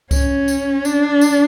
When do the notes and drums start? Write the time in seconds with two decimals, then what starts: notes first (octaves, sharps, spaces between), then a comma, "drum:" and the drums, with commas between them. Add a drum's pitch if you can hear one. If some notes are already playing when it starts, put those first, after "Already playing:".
0.11 C#4, drum: kick C2, tambourine
0.48 drum: tambourine
0.85 D4, drum: tambourine
1.21 drum: tambourine